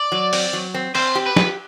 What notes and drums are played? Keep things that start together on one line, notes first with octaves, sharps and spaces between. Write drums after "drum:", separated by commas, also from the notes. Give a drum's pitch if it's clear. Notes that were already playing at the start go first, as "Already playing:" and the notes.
Already playing: D5
F#3
C4, drum: open hi-hat
F#3
C4
C4 C5, drum: cymbal
G4
B4
G4, drum: snare